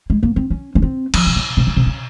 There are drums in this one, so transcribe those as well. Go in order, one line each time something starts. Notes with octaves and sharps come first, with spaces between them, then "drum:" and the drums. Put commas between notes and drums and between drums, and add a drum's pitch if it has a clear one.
G#3
A#3
C4
C#4
C#4
C4
F3, drum: cymbal
C3
C#3
C3
C#3
C3
C#3